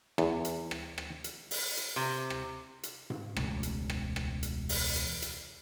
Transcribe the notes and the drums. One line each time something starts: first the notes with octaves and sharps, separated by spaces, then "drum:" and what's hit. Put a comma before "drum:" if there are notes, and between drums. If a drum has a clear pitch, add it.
E2, drum: rim click
drum: hi-hat
drum: rim click
drum: rim click
drum: hi-hat
drum: open hi-hat
drum: hi-hat
C3
drum: rim click
drum: hi-hat
drum: tom G#2
E1 C#2 C#3 A3, drum: rim click
drum: hi-hat
drum: rim click
drum: rim click
drum: hi-hat
drum: open hi-hat
drum: hi-hat
drum: hi-hat